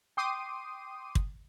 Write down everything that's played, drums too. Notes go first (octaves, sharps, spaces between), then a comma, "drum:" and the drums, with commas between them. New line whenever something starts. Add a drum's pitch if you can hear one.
G5 C6 D6 D#6 C7 D#7
drum: kick